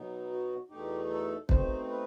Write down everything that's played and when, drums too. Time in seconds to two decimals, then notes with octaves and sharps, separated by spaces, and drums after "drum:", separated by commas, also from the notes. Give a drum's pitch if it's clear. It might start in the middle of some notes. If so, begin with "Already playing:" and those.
Already playing: B2 F#3 B3 D#4
0.31 F#4
0.70 E2 B2 A3 D#4 G4
1.10 A4
1.49 B2 A3 C4 D#4 C5, drum: kick
1.89 B4